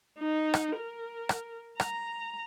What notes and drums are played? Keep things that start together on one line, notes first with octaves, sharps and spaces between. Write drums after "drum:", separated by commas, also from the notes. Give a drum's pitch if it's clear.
D#4
drum: rim click
A#4
drum: rim click
A#5, drum: rim click